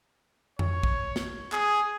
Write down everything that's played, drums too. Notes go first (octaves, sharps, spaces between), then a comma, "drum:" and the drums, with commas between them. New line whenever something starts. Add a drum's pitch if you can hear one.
C#5, drum: tom F2
drum: kick A#1
drum: snare
G#4, drum: clap